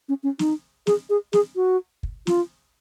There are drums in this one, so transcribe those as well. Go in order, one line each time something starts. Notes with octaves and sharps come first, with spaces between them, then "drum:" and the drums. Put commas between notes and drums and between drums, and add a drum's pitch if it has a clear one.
C#4
C#4
D#4, drum: snare
G#4, drum: snare
G#4
G#4, drum: snare
F#4
drum: kick
F4, drum: snare